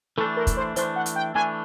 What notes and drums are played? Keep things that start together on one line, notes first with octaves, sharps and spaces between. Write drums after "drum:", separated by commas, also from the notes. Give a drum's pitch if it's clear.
E3 A3 D4 A4
A#4
drum: kick, hi-hat
C5
E3 A3 D4 C5, drum: hi-hat
F#5
drum: hi-hat
G5
E3 A3 D4 G#5